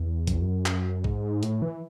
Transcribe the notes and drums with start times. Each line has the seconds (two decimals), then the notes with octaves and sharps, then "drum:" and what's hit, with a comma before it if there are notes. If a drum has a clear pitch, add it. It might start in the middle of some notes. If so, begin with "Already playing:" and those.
Already playing: E2
0.27 F#2, drum: kick A#1, hi-hat
0.34 E2
0.42 F#2
0.66 drum: clap
1.04 G#2, drum: kick A#1
1.43 A2, drum: hi-hat
1.62 E3